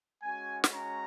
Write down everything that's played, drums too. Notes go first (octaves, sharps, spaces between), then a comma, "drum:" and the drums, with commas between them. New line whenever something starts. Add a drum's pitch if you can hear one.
G#3 C#4 F#4 G#5
drum: snare
A#5